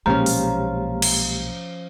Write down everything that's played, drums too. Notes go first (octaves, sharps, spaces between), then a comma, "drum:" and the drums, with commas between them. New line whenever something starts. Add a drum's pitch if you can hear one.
B1 A#2 F3 G#3 A#3 C#4 G4 A#5
drum: open hi-hat
drum: cymbal